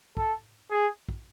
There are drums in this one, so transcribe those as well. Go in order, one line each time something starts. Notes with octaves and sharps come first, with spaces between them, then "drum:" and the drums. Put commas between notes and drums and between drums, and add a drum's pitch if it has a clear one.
A4, drum: kick
G#4
drum: kick